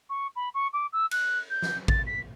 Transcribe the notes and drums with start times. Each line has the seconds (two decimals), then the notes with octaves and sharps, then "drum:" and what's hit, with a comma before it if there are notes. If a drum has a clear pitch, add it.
0.09 C#6
0.36 B5
0.54 C#6
0.73 D6
0.92 E6
1.11 F#6, drum: cymbal
1.50 G6
1.62 drum: snare
1.88 A6, drum: kick A1
2.06 B6